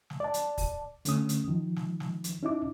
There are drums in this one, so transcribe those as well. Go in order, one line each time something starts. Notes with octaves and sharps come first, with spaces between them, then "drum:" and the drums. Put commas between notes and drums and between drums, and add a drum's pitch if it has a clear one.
drum: snare
D5 A5
drum: hi-hat
drum: kick, open hi-hat
D3 A3 C#4 D#6, drum: hi-hat
drum: hi-hat
D#3 F3
drum: snare
drum: snare
drum: hi-hat
C#4 D#4 E4 D6